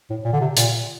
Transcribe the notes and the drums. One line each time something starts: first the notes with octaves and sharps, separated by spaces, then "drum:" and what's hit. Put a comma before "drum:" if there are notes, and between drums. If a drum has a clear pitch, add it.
A2
A#2
D3
C3
A#2, drum: hi-hat